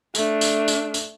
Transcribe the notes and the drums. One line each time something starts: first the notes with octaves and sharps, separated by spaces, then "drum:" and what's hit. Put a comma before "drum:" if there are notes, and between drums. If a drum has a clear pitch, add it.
A3 D4, drum: tambourine
drum: tambourine
drum: tambourine
drum: tambourine